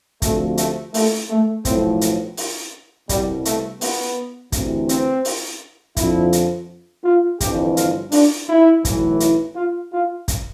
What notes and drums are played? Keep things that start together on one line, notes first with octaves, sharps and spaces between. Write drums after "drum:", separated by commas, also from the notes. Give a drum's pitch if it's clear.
D2 C3 F3 A3, drum: kick, hi-hat
A3, drum: hi-hat
A3, drum: open hi-hat
A3
B1 A2 F3 C4, drum: kick, hi-hat
drum: hi-hat
drum: open hi-hat
C2 B2 G3, drum: kick, hi-hat
A3, drum: hi-hat
B3, drum: open hi-hat
D2 C3 E3, drum: kick, hi-hat
C4, drum: hi-hat
drum: open hi-hat
F2 D3 F3 E4, drum: kick, hi-hat
drum: hi-hat
F4
G1 F2 E3 G4, drum: kick, hi-hat
F4, drum: hi-hat
D4, drum: open hi-hat
E4
B1 A2 E3, drum: kick, hi-hat
E4, drum: hi-hat
F4
F4
drum: kick, hi-hat